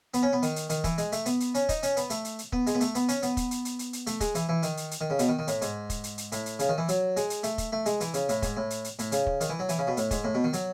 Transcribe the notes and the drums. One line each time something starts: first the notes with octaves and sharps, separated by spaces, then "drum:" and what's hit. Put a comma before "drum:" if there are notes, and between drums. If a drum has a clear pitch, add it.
B3, drum: hi-hat
C#4
B3
D#3, drum: hi-hat
drum: hi-hat
D#3, drum: hi-hat
E3, drum: kick, hi-hat
G#3, drum: hi-hat
A3, drum: hi-hat
B3, drum: hi-hat
drum: hi-hat
C#4, drum: hi-hat
D#4, drum: kick, hi-hat
C#4, drum: hi-hat
B3, drum: hi-hat
A3, drum: hi-hat
drum: hi-hat
drum: hi-hat
B3, drum: kick
G#3, drum: hi-hat
B3
A3, drum: hi-hat
B3, drum: hi-hat
C#4, drum: hi-hat
B3, drum: hi-hat
drum: kick, hi-hat
drum: hi-hat
drum: hi-hat
drum: hi-hat
drum: hi-hat
A3, drum: hi-hat
G#3, drum: kick, hi-hat
E3, drum: hi-hat
E3
D#3, drum: hi-hat
drum: hi-hat
drum: hi-hat
D#3
C#3
B2, drum: hi-hat
D#3
D#3
A2, drum: hi-hat
G#2, drum: hi-hat
drum: kick, hi-hat
drum: hi-hat
drum: hi-hat
A2, drum: hi-hat
drum: hi-hat
C#3, drum: hi-hat
D#3
E3
F#3, drum: hi-hat
G#3, drum: hi-hat
drum: hi-hat
A3, drum: hi-hat
drum: kick, hi-hat
A3
G#3, drum: hi-hat
E3, drum: hi-hat
C#3, drum: hi-hat
A2, drum: hi-hat
G#2, drum: kick, hi-hat
A2
drum: hi-hat
drum: hi-hat
A2, drum: hi-hat
C#3, drum: hi-hat
drum: kick
D#3, drum: hi-hat
E3
F#3
E3, drum: hi-hat
C#3
B2
A2, drum: hi-hat
G#2, drum: kick, hi-hat
A2
B2
D#3
F#3, drum: hi-hat